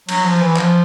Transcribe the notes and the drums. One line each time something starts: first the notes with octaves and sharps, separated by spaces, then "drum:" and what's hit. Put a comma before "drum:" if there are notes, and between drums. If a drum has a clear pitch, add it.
F#3, drum: cymbal
F3
E3
F3, drum: clap